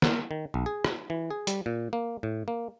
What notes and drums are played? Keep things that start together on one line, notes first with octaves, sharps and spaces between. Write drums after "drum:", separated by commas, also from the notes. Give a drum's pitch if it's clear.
A#4, drum: snare
D#3
B1
G#4
drum: rim click
E3
G#4
G3, drum: hi-hat
A#2
A#3
A2
A#3